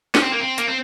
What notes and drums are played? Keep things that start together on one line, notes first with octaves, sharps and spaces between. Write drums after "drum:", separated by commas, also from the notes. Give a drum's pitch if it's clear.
C#4, drum: snare
C4
A#3
C4
A#3, drum: hi-hat
C4